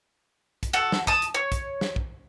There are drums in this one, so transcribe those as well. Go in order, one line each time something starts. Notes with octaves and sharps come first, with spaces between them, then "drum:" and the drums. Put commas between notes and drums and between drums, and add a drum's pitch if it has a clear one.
drum: kick, hi-hat
F#4 A4
drum: snare
A5 D#6, drum: kick
drum: hi-hat
C#5
drum: kick, hi-hat
drum: snare
drum: kick